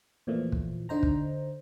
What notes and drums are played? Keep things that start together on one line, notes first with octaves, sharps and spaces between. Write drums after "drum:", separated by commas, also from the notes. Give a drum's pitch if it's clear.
E2 A#2 E3 F3 A3
drum: kick
D3 D#4 C5 A#5
drum: kick